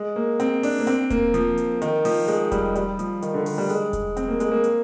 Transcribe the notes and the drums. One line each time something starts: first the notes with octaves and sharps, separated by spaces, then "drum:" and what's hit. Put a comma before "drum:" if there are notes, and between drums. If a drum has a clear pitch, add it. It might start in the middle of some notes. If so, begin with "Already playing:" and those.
Already playing: G#3
A#3
C4, drum: hi-hat
D4, drum: open hi-hat
A#3
C4, drum: hi-hat
A#3, drum: kick E1, hi-hat
F3, drum: hi-hat
drum: hi-hat
D#3, drum: hi-hat
F3, drum: open hi-hat
G#3, drum: hi-hat
G3, drum: kick E1, hi-hat
G3, drum: hi-hat
F3, drum: hi-hat
D#3, drum: hi-hat
D3
D#3, drum: open hi-hat
G3
G#3, drum: hi-hat
drum: kick E1, hi-hat
C4, drum: hi-hat
A#3
G#3, drum: hi-hat
A#3
drum: hi-hat